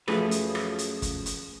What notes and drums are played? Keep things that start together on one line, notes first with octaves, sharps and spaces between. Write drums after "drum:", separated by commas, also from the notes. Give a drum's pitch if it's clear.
F#2 F3 A3 G#4 B4, drum: rim click
drum: hi-hat
drum: rim click
drum: hi-hat
drum: kick, hi-hat
drum: hi-hat